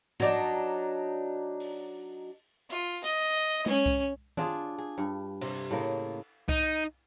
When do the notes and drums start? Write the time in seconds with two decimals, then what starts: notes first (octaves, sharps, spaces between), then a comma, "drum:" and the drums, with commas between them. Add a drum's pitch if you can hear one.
0.20 F#3 D4 D#4, drum: tom G#2
1.60 drum: open hi-hat
2.70 F4, drum: hi-hat
3.04 D#5, drum: hi-hat
3.66 C#4, drum: tom G#3
3.86 drum: kick C2
4.37 D4 F4 G#4, drum: tom D#3
4.78 G#4
4.98 G2
5.41 C3, drum: cymbal
5.71 A2 C#3 A#3
6.49 D#4, drum: kick C2